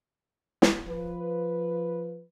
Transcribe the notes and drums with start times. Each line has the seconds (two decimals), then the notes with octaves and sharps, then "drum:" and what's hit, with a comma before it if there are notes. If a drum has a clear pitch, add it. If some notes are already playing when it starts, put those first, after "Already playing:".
0.62 drum: snare
0.87 F3 B4